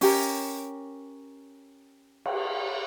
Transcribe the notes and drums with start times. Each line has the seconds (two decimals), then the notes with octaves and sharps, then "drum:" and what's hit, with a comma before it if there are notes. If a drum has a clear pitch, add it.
0.01 C#4 G4 A#4, drum: open hi-hat
2.26 drum: cymbal